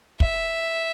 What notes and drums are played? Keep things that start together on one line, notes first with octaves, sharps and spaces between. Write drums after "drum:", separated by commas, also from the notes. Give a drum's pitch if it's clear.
E5, drum: kick